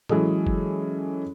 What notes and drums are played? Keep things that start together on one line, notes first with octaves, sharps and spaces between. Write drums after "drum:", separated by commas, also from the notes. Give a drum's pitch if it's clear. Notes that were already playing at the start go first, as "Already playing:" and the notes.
E3 F#3 G#3 C#4 G#4 A4, drum: tom A2
drum: kick F#1